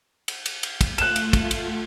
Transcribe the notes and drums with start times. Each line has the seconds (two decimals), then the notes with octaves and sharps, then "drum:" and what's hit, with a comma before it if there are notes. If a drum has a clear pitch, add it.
0.28 drum: cymbal
0.46 drum: cymbal
0.63 drum: cymbal
0.81 drum: kick, cymbal
0.98 A3 F4 F#6 E7, drum: cymbal
1.16 drum: cymbal
1.33 drum: kick, cymbal
1.51 drum: cymbal